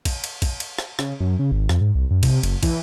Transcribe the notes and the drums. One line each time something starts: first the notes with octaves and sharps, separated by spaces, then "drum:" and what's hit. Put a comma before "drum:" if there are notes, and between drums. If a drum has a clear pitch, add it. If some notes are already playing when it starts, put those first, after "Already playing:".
drum: kick, cymbal
drum: cymbal
drum: kick, cymbal
drum: cymbal
drum: rim click
C#3, drum: rim click
F#2
C#3
G#1
F2, drum: rim click
G#2
C2
F#2
C3, drum: kick, cymbal
F#1, drum: cymbal
E3, drum: kick, cymbal